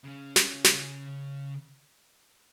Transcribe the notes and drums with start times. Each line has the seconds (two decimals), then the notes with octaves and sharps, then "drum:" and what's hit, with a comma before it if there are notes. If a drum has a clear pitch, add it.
0.04 C#3 C#4
0.36 drum: snare
0.64 drum: snare